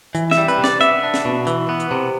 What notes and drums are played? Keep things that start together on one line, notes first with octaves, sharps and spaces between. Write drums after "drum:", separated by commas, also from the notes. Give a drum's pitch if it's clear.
E3, drum: hi-hat
E5, drum: snare
G3
B4, drum: hi-hat
C3
D5, drum: snare
B3 E5, drum: hi-hat
D4
drum: snare
B2
E3, drum: hi-hat
B3
drum: hi-hat
C3